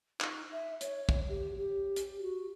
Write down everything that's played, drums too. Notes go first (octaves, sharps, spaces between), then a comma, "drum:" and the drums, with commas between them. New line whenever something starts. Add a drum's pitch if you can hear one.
D#4, drum: clap
E5
C#5, drum: hi-hat
drum: kick
G4
G4
drum: hi-hat
F#4